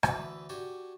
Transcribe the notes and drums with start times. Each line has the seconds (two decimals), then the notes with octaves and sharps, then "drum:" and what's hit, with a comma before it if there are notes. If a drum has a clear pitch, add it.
0.03 D2 D3 E3 B4, drum: rim click
0.49 D4 F#4 G4 G#5